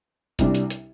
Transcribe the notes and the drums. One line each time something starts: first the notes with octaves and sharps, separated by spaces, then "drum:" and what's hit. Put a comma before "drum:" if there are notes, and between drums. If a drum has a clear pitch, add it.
C2 C3 G3 D4, drum: kick, hi-hat
drum: hi-hat
drum: hi-hat